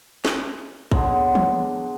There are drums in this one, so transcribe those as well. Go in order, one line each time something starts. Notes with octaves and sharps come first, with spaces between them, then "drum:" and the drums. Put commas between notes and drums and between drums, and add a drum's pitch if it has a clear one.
drum: snare
B2 D3 F#3 G#3, drum: kick
drum: tom E3